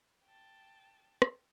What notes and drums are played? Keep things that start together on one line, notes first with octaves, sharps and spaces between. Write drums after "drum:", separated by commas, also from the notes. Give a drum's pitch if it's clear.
G5 A5
drum: rim click